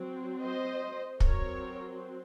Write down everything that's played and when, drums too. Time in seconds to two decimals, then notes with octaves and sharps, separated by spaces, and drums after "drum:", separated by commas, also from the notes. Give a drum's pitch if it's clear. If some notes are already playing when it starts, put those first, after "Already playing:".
Already playing: F#3 C4
0.43 C5 D#5
1.20 F#3 C4 A#4 C#5, drum: kick